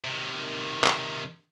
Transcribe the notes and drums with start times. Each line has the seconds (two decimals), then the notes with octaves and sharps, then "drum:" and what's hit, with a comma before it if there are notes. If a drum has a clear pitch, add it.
0.05 C3 D#3
0.84 drum: clap